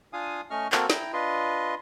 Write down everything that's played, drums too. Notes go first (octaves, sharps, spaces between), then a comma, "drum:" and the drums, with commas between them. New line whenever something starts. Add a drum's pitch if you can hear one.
D4 F4 F5 G#5 D#6
A3 C#4 D#5 C#6 F6
A#3 C4 F#4 A4 A#4, drum: clap
E4 G5 A#5, drum: snare
D4 F4 B4 D#5 C6